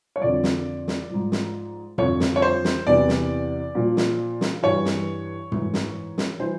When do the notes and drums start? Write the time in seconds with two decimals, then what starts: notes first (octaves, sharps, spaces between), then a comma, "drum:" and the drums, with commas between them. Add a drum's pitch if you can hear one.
0.16 C#5
0.21 F2 D3 F3 D5
0.43 drum: snare
0.88 drum: snare
1.10 G#2 F3
1.32 drum: snare
1.98 F2 D3 F3 C#5, drum: tom
2.20 drum: snare
2.36 C#5
2.42 C5
2.64 drum: snare
2.87 E2 C3 E3 D5
3.08 drum: snare
3.75 A#2 F3
3.97 drum: snare
4.41 drum: snare
4.62 G2 E3 C#5
4.85 drum: snare
5.52 G#2 E3, drum: tom
5.74 drum: snare
6.18 drum: snare
6.39 E3 C5